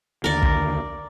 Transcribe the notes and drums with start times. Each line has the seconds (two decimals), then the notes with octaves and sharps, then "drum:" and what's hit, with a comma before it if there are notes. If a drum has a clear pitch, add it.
0.24 D#2 D3 A#4 D5
0.42 drum: kick